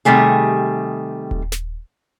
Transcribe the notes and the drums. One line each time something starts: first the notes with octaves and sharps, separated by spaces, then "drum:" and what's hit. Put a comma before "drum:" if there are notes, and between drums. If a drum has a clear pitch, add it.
C3 D#3 G3 A3 G#4
drum: kick D#1
drum: snare